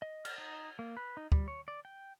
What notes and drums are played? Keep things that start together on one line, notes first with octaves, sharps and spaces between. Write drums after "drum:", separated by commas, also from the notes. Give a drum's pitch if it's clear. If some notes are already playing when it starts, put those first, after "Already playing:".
D#5
F6, drum: cymbal
D#4
A#3
B4
D#4
G3, drum: kick
C#5
D5
G5